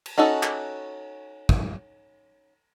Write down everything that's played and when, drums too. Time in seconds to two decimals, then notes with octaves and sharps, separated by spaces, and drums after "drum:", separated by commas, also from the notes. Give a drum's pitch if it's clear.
0.06 drum: cymbal
0.18 C#4 D#4 F#4 A4
0.43 drum: clap
1.49 drum: kick